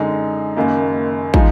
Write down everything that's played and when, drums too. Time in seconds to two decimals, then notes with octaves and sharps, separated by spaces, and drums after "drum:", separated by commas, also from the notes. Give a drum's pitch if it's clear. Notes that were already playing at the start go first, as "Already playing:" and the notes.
Already playing: F#2 D3 G#3 D#4
0.56 F#1 F#2 D#3 A#3
1.34 F3 G#3 D#4, drum: kick